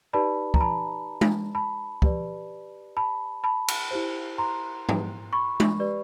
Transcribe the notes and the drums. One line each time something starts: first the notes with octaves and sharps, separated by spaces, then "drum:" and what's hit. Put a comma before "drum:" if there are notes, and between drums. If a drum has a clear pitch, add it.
D#4 G4 B4 D5 A5 B5
A#5, drum: kick
A5 B5
drum: tom G#3
A5 B5
G4 B4 D5, drum: kick
A5 B5
A5 B5
drum: cymbal
E4 G4 C5
A#5 C6
drum: tom
B5 C#6
drum: tom G#3
G4 B4 D5